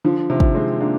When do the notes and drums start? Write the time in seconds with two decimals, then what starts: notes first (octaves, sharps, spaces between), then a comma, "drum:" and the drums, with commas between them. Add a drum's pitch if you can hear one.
0.04 D3 F3
0.30 C3 D#3
0.40 drum: kick
0.55 G#3 C4
0.81 A#3 D4